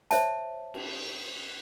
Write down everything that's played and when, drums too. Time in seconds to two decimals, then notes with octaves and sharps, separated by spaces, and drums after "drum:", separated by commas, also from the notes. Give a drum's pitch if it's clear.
0.11 C5 C#5 E5 A5, drum: hi-hat
0.74 drum: cymbal